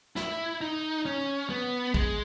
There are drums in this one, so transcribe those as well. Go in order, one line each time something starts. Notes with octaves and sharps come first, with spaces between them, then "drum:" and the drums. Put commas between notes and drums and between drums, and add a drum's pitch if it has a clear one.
E4, drum: snare
D#4
C#4
B3
G#3, drum: kick